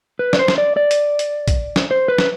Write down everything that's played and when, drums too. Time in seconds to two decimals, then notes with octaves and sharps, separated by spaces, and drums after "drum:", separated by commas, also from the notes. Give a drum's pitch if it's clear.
0.19 B4
0.33 D5, drum: snare
0.39 C5
0.48 drum: snare
0.58 D5
0.77 D5
0.91 drum: hi-hat
1.19 drum: hi-hat
1.48 drum: kick A#1, hi-hat
1.76 drum: snare
1.91 C5
2.08 B4
2.18 drum: snare